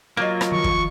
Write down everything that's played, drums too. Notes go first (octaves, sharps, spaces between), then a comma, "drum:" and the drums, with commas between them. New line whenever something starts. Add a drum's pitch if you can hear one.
F#3 A#3 F4 D#5
drum: rim click
D#3 F3 C#6
drum: kick